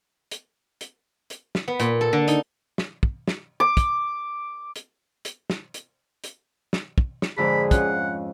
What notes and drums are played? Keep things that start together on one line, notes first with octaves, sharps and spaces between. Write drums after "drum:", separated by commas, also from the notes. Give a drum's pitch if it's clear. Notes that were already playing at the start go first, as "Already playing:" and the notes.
drum: hi-hat
drum: hi-hat
drum: hi-hat
drum: snare
B3
A#2, drum: hi-hat
A4
D3
D#4, drum: hi-hat
drum: snare
drum: kick
drum: snare
D6
drum: kick, hi-hat
drum: hi-hat
drum: hi-hat
drum: snare
drum: hi-hat
drum: hi-hat
drum: snare
drum: kick
drum: snare
F2 G#2 D3 G#4 B5
C#4 F4 F#5, drum: kick, hi-hat